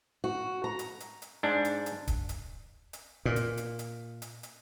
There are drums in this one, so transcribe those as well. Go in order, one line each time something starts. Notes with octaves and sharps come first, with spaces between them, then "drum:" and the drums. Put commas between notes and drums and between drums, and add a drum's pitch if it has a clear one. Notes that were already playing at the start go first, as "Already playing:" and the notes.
F#4
A#5
drum: hi-hat
drum: hi-hat
drum: hi-hat
G#2 D4
drum: hi-hat
drum: hi-hat
drum: kick, hi-hat
drum: hi-hat
drum: hi-hat
A#2
drum: hi-hat
drum: hi-hat
drum: hi-hat
drum: hi-hat
drum: hi-hat